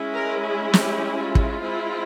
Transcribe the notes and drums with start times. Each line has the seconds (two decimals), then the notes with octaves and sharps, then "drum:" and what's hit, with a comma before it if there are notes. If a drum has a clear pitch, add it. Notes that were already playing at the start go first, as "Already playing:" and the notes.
Already playing: G#3 C#4 E4
0.13 A#4
0.43 G#4
0.73 G4, drum: snare
1.18 F4
1.35 drum: kick
1.62 G#3 C4 E4